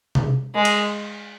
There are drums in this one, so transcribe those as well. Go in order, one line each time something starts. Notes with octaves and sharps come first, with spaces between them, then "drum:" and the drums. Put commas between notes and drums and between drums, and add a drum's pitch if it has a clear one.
drum: tom C3
G#3
drum: cymbal